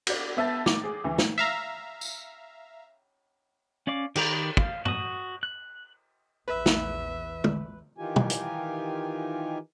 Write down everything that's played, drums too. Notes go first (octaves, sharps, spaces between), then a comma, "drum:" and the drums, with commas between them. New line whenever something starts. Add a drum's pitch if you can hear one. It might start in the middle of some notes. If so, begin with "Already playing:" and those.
F#4 D5, drum: cymbal
B3 E5 A5 A6
D6, drum: snare
G#4
D2 E3
drum: snare
E5 F5 A#5
drum: tambourine
C#4 D5 F5 D6
D#3 G4 D5 A#5 B5, drum: cymbal
F5, drum: kick
F#4 D#6, drum: tom
F#6
A#1 E2 B4 E5
drum: snare
drum: tom
D#3 E3 D#4 F4 G4 G#5
drum: tom
drum: hi-hat